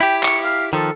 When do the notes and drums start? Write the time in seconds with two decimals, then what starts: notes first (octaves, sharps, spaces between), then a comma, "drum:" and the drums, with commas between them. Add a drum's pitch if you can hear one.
0.01 E4 G4 G5
0.23 C#6, drum: clap
0.44 F5
0.73 D#3 F3 A4